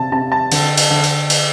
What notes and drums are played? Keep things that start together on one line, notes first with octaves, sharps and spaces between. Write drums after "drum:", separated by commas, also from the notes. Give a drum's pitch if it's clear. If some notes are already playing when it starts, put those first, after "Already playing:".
Already playing: C3 A5
C3 A5
A5
D3, drum: cymbal
drum: cymbal
D3
drum: cymbal
drum: cymbal